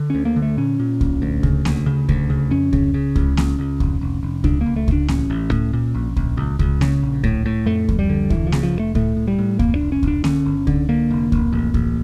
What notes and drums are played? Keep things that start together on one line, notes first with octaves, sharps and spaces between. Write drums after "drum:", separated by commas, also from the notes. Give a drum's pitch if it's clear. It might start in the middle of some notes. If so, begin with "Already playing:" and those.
Already playing: D3
D2 C#4
A#3
D3
A3
A#2 C#4
A#2
A#1, drum: kick C#2
D2
C#3, drum: kick C#2
D2, drum: snare A#3
C#3
D2, drum: kick C#2
C#3
F2 C#4
C#3, drum: kick C#2
C#3
C#2, drum: kick C#2
C#2, drum: snare A#3
C#2
F1, drum: kick C#2
F1
F1
C#2 D4, drum: kick C#2
A#3
C#2
A3
C#2 D4, drum: kick C#2
A1 C#4, drum: snare A#3
A1
A2, drum: kick C#2
A#2
A#1
A#1, drum: kick C#2
C#2
C#2, drum: kick C#2
C#3, drum: snare A#3
A#1
A2, drum: kick C#2
A2
F2 A3
F2, drum: kick C#2
G3
D3
F1 E3, drum: kick C#2
F3
C#3, drum: snare A#3
F3
F1
A3
A2 A3, drum: kick C#2
A2
G3
A2
F2 A#3, drum: kick C#2
D4
F1
C#4
F1 D4, drum: kick C#2
D3 C#4, drum: snare A#3
G1
D3, drum: kick C#2
D3 A#3
F1
F1, drum: kick C#2
A1
A1, drum: kick C#2